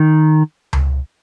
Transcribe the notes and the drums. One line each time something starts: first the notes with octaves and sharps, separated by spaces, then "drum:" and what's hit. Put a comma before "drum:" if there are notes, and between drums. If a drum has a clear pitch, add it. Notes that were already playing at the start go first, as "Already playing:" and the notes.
Already playing: D#3
drum: tom C#2